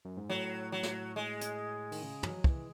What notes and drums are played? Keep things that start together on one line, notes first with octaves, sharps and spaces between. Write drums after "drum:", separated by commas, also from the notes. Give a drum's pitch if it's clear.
F#2
G#2
A2 F#3
F#3
drum: snare
G#3
drum: hi-hat
D#3, drum: open hi-hat
C#3
F#3, drum: tom
E3, drum: kick